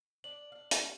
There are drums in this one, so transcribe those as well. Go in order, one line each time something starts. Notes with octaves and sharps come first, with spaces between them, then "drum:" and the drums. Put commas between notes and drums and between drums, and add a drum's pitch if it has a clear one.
D4 D5 F#7
D4 F5
G4 C#5 F5, drum: hi-hat